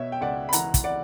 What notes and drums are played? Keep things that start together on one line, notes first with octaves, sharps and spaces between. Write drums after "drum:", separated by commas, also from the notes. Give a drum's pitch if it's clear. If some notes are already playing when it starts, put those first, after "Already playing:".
Already playing: B2 C#5 E5
G5
C#2 D5 F#5
B5
E3 F#5 A#5, drum: hi-hat
drum: kick, hi-hat
D5 F#5